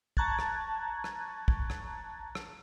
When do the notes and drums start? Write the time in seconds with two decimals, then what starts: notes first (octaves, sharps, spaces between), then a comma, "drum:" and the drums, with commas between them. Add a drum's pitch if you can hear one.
0.17 A5 A#5 C#6 F#6 G#6 A6, drum: kick
0.39 drum: rim click
1.04 drum: rim click
1.48 drum: kick
1.70 drum: rim click
2.35 drum: rim click